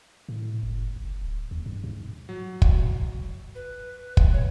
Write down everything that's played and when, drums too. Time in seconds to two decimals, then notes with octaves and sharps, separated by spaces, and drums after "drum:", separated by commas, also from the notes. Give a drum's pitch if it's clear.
0.29 A2
0.63 F#1
0.96 F#1
1.21 D1
1.51 D#2
1.66 G2
1.84 G#2
2.29 F#3
2.62 drum: kick
3.55 B4
4.17 drum: kick
4.33 C#5